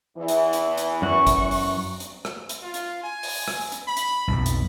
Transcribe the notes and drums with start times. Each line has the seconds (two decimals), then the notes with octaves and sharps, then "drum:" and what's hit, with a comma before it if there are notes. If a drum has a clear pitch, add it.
0.16 E2 E3
0.28 drum: hi-hat
0.53 drum: hi-hat
0.78 drum: hi-hat
1.02 F#2 F#4 C#6
1.27 drum: kick G1, hi-hat
1.51 drum: open hi-hat
2.00 drum: hi-hat
2.25 drum: rim click
2.49 drum: hi-hat
2.63 F4
2.74 drum: hi-hat
3.03 G#5
3.23 drum: open hi-hat
3.48 drum: rim click
3.72 drum: hi-hat
3.88 B5
3.97 drum: hi-hat
4.28 B1 F2
4.46 drum: hi-hat